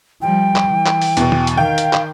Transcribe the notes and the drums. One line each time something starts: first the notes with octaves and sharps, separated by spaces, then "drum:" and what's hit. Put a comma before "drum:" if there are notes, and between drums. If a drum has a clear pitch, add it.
F3 G3 G5
drum: clap
E3
drum: clap
drum: open hi-hat
E2 B2, drum: hi-hat
drum: tom
drum: hi-hat
D#3 F5 G5
drum: hi-hat
drum: clap